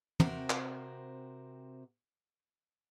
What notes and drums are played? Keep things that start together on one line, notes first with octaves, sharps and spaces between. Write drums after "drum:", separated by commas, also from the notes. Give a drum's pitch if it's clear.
C3 C4 F#4 A#4, drum: tom
drum: clap